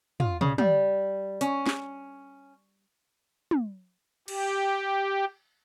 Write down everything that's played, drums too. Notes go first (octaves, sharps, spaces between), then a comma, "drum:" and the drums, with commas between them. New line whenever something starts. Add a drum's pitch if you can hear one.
F4, drum: tom
C#3, drum: tom
G3, drum: tom
C#4, drum: hi-hat
drum: snare
drum: tom
G4, drum: cymbal